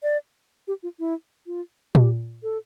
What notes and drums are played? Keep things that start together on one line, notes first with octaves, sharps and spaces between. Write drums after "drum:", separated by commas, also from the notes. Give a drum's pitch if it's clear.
D5
G4
F4
E4
F4
G4, drum: tom A#2
A4